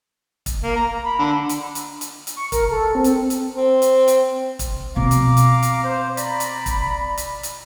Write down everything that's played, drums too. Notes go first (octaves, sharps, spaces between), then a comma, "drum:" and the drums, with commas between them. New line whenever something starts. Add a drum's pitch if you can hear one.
drum: kick, hi-hat
A#3
A#5
B5
D3
drum: hi-hat
drum: hi-hat
drum: hi-hat
drum: hi-hat
C#6
A#4, drum: kick, hi-hat
A4
C4
drum: hi-hat
drum: hi-hat
C4
drum: hi-hat
drum: hi-hat
drum: kick, hi-hat
B2 C4 F5 A#5 D6
drum: hi-hat
drum: hi-hat
drum: hi-hat
C5
D5 A#5 B5, drum: hi-hat
drum: hi-hat
drum: kick, hi-hat
drum: hi-hat
drum: hi-hat